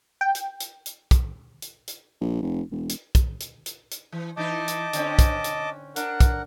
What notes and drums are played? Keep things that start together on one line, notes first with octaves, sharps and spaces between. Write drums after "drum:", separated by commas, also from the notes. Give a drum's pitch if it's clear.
G5
drum: hi-hat
drum: hi-hat
drum: hi-hat
drum: kick, hi-hat
drum: hi-hat
drum: hi-hat
A#1
F1
E1
drum: hi-hat
drum: kick, hi-hat
drum: hi-hat
drum: hi-hat
drum: hi-hat
E3
E3 D#4 E4 D#5 A5 D6
drum: hi-hat
D3 C4 C#4, drum: hi-hat
drum: kick, hi-hat
drum: hi-hat
D4 A#4 F#5, drum: hi-hat
drum: kick, hi-hat